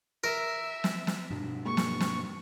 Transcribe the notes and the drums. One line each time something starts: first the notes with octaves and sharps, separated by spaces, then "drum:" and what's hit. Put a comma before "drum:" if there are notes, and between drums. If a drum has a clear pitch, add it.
A#4 E5
drum: snare
drum: snare
G2 B2 D4
G#3 A#3 C#6
drum: snare
drum: snare